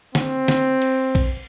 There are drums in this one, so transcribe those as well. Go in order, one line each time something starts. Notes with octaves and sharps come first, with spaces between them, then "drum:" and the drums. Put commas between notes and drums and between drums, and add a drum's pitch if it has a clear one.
C4, drum: snare
drum: snare
drum: cymbal
drum: kick, cymbal